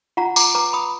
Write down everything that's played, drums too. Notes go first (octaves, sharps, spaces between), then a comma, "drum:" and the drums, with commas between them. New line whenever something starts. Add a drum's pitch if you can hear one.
F4 F#5 A#5
A#5 D6, drum: tambourine
B4 A#5 D6
B5 D#6